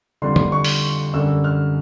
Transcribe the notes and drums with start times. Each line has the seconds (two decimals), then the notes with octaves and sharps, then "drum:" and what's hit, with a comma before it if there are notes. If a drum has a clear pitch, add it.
0.22 F2 D3 G3 C6
0.36 drum: tom
0.52 C#6
0.64 drum: open hi-hat
1.14 F#2 D3 G3 E6
1.44 F6